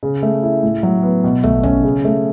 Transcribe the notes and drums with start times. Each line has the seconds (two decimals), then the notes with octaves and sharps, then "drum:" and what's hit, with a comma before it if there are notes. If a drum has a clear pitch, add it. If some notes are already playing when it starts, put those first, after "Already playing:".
0.03 C#3
0.23 A3
0.43 E4
0.63 A2
0.83 F#3
1.03 B3
1.24 B2
1.44 A3, drum: tom
1.63 C#4, drum: tom
1.83 C#3
2.05 A3